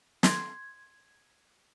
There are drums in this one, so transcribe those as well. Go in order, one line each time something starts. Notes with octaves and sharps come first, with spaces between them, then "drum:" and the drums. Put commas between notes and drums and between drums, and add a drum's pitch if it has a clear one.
C6 G#6, drum: snare